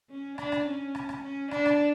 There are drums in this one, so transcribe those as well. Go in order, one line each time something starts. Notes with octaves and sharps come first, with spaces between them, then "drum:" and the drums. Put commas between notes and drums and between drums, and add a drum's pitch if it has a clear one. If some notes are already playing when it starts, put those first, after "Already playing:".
C#4
D4, drum: rim click
drum: rim click
C#4
drum: rim click
drum: rim click
C#4
D4, drum: rim click
drum: rim click